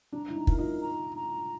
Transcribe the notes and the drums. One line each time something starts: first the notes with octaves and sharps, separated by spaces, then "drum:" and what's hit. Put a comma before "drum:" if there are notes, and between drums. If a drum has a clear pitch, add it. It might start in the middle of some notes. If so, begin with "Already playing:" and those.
D4 A#5
E4
D#4
E4 A#4, drum: kick
D#4 F4
A#5
A#5